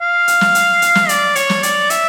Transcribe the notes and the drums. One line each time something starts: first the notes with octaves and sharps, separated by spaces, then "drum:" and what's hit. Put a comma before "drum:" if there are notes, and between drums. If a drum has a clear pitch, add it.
F5
drum: hi-hat
drum: snare
drum: hi-hat
drum: hi-hat
drum: snare
D5, drum: hi-hat
C#5, drum: hi-hat
drum: snare
D5, drum: hi-hat
E5, drum: hi-hat